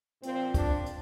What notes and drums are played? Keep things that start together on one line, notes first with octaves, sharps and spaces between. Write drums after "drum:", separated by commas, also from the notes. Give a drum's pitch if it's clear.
A#2 F3 C4, drum: hi-hat
D4, drum: kick, hi-hat
drum: hi-hat